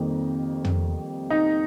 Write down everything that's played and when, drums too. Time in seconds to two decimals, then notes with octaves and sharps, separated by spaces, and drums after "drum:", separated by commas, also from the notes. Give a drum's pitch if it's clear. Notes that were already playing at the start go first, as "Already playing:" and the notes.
Already playing: F2 D#3 G3 A#3
0.65 drum: tom
1.30 D#4